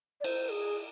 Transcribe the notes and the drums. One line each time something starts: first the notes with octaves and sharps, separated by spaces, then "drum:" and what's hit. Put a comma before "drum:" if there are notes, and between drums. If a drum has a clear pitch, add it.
D5
C5, drum: cymbal
G#4